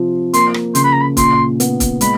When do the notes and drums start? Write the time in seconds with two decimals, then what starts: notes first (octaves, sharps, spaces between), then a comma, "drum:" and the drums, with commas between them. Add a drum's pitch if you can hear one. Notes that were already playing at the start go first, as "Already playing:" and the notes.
Already playing: C3 F3
0.34 A#3 C6, drum: hi-hat
0.54 drum: rim click
0.75 C#3 C6, drum: hi-hat
0.84 B5
0.93 A#5
1.01 B5
1.17 A#2 C6, drum: kick, hi-hat
1.60 B3, drum: hi-hat
1.80 drum: kick, hi-hat
2.01 G#3 B5, drum: hi-hat